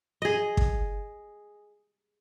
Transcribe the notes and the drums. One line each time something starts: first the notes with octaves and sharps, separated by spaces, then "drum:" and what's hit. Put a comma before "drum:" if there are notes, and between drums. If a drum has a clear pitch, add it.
G#4 D#5
drum: kick